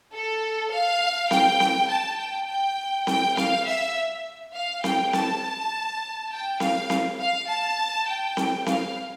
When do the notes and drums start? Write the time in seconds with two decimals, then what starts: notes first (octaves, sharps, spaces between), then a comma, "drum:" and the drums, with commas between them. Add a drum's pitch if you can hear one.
0.13 A4
0.72 F5
1.31 G5, drum: snare C4
1.60 drum: snare C4
1.89 A5
2.18 G5
2.48 G5
3.07 G5, drum: snare C4
3.37 F5, drum: snare C4
3.66 E5
4.54 F5
4.84 G5, drum: snare C4
5.13 A5, drum: snare C4
6.31 G5
6.60 F5, drum: snare C4
6.90 drum: snare C4
7.19 F5
7.49 A5
8.08 G5
8.37 drum: snare C4
8.66 F5, drum: snare C4